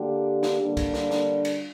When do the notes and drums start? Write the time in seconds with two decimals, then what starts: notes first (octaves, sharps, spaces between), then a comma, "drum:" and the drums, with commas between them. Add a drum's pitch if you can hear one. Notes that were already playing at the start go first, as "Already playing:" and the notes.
Already playing: D3 A#3 D4 G4 A#4
0.43 drum: snare
0.60 D3 G3 A#3 D4 A#4
0.77 drum: kick, cymbal
0.94 drum: snare
1.11 drum: snare
1.45 drum: cymbal